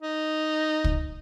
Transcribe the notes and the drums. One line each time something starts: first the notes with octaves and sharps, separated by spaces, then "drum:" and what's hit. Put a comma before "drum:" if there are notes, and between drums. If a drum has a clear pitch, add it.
D#4
drum: kick